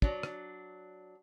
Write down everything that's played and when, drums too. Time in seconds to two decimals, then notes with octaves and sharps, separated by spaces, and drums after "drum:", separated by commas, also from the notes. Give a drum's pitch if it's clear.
0.02 F#3 D4, drum: kick
0.23 drum: rim click